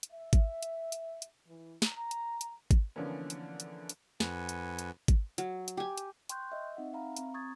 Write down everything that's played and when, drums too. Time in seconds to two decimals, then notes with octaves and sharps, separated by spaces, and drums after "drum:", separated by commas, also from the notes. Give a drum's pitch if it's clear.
0.03 drum: hi-hat
0.12 E5
0.33 drum: kick G#1, hi-hat
0.63 drum: hi-hat
0.92 drum: hi-hat
1.22 drum: hi-hat
1.47 E3
1.82 A#5, drum: snare
2.11 drum: hi-hat
2.41 drum: hi-hat
2.71 drum: kick G#1, hi-hat
2.96 D3 E3 F3 A#3 B3 C#4
3.30 drum: hi-hat
3.60 drum: hi-hat
3.89 drum: hi-hat
4.20 F2 B4 F#5 G#5, drum: snare
4.49 drum: hi-hat
4.79 drum: hi-hat
5.08 drum: kick G#1, hi-hat
5.38 F#3, drum: hi-hat
5.68 drum: hi-hat
5.77 G4 G#5
5.98 drum: hi-hat
6.29 G5 C6 C#6 F#6 G6, drum: hi-hat
6.52 D#5 E5
6.77 C4 D#4 F#5
6.93 E5 F5 A#5 B5
7.17 C4 A#5, drum: hi-hat
7.34 C#6 D#6 G#6 A6